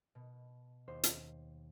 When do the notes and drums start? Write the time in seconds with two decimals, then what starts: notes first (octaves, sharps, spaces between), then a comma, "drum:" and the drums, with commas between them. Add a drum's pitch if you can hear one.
0.15 B2
0.88 D#2 C5
1.03 drum: hi-hat